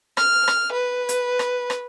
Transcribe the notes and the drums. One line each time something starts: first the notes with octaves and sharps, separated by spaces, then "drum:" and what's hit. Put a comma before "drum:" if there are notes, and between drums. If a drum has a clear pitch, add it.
F6, drum: rim click
drum: rim click
B4
drum: hi-hat
drum: rim click
drum: rim click